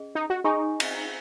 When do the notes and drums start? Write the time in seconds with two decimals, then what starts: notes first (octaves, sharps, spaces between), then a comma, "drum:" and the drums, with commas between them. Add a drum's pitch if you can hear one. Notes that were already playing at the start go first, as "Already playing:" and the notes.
Already playing: C#4 G#4 D#5
0.15 D#4
0.30 F#4
0.44 D#4 G#4 D#5 G#5 C#6
0.80 drum: cymbal